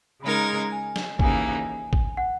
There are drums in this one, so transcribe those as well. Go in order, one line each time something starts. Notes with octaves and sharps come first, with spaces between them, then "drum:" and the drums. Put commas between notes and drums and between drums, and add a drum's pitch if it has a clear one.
C#3 G#3 D#4 A#4 B5
A#5
G#5
drum: snare
D#2 C#3 E3 A#3 D#4 G#5, drum: kick G#1
drum: kick G#1
F#5